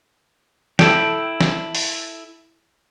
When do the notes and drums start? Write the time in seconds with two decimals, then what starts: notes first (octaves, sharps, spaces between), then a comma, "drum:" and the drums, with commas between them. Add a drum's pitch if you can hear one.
0.79 E4 A4 G5, drum: snare
1.40 drum: snare
1.75 drum: open hi-hat